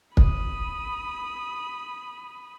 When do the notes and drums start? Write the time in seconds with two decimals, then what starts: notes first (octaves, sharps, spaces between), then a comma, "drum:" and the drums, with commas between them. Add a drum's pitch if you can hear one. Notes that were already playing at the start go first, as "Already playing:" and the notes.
0.17 B5 D#6, drum: kick